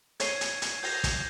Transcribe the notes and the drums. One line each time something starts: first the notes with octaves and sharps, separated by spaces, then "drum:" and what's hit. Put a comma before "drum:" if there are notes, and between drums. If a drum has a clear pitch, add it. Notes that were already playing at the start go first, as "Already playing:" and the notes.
C#5 G#6 C7 D#7 G7, drum: hi-hat
drum: hi-hat
drum: hi-hat
G6 A#6 F7, drum: open hi-hat
drum: kick, hi-hat